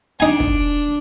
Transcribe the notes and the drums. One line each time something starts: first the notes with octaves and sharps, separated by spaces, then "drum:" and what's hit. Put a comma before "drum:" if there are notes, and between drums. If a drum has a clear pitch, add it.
D4 D#4 G#5
drum: kick